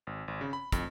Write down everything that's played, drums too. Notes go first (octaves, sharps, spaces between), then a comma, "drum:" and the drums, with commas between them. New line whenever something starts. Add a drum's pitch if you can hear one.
G#1
G#1
C#3
B5
F2, drum: kick, hi-hat